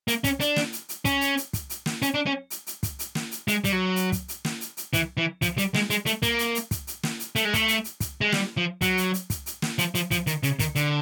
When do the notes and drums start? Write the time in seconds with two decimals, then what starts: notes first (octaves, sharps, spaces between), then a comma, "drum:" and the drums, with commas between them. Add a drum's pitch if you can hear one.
0.08 A#3, drum: hi-hat
0.24 C#4, drum: kick, hi-hat
0.40 D4, drum: hi-hat
0.56 drum: snare
0.73 drum: hi-hat
0.89 drum: hi-hat
1.05 C#4, drum: kick, hi-hat
1.21 drum: hi-hat
1.37 drum: hi-hat
1.53 drum: kick, hi-hat
1.70 drum: hi-hat
1.86 drum: snare
2.02 C#4, drum: hi-hat
2.14 D4
2.26 C#4
2.50 drum: hi-hat
2.67 drum: hi-hat
2.83 drum: kick, hi-hat
2.99 drum: hi-hat
3.15 drum: snare
3.31 drum: hi-hat
3.48 G#3, drum: hi-hat
3.64 G3, drum: kick, hi-hat
3.72 F#3
3.96 drum: hi-hat
4.12 drum: kick, hi-hat
4.28 drum: hi-hat
4.45 drum: snare
4.61 drum: hi-hat
4.77 drum: hi-hat
4.93 E3, drum: kick, hi-hat
5.17 E3
5.42 F3, drum: kick, hi-hat
5.58 G3, drum: hi-hat
5.74 G#3, drum: snare
5.90 G#3, drum: hi-hat
6.06 A3, drum: hi-hat
6.22 A#3, drum: kick, hi-hat
6.39 drum: hi-hat
6.55 drum: hi-hat
6.71 drum: kick, hi-hat
6.87 drum: hi-hat
7.03 drum: snare
7.20 drum: hi-hat
7.36 A3, drum: hi-hat
7.45 G#3
7.54 A3, drum: kick, hi-hat
7.68 drum: hi-hat
7.84 drum: hi-hat
8.00 drum: kick, hi-hat
8.21 G#3
8.32 G3, drum: snare
8.57 F3
8.81 F#3, drum: kick, hi-hat
8.97 drum: hi-hat
9.14 drum: hi-hat
9.30 drum: kick, hi-hat
9.46 drum: hi-hat
9.62 drum: snare
9.79 F3, drum: hi-hat
9.95 F3, drum: hi-hat
10.11 F3, drum: kick, hi-hat
10.27 D#3, drum: hi-hat
10.43 C#3, drum: hi-hat
10.59 D#3, drum: kick, hi-hat
10.75 D3, drum: hi-hat